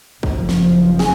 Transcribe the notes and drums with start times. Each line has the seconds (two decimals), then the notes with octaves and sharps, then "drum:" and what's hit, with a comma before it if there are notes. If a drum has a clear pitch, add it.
0.23 F#1 F2 F3, drum: kick
0.49 drum: snare
0.99 G#4, drum: snare